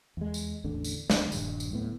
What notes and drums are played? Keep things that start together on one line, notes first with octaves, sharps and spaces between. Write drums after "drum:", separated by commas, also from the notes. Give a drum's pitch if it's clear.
E2 G#3
drum: tambourine
A1 E2 D3
drum: tambourine
D2 G#3 D4, drum: snare
D#1 G2, drum: tambourine
drum: tambourine
D1 A2 B3